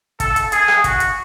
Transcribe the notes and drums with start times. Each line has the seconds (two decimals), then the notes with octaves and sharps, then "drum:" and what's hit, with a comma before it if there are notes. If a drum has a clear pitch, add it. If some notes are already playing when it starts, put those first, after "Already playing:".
0.20 A4, drum: kick, hi-hat
0.36 drum: hi-hat
0.52 G#4, drum: hi-hat
0.68 drum: rim click
0.84 F#4, drum: kick, hi-hat
1.00 drum: hi-hat